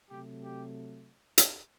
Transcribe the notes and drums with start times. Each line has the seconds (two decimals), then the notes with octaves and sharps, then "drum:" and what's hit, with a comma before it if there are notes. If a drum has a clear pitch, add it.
0.10 C3 F#3 A3 G4
0.42 G4
1.38 drum: hi-hat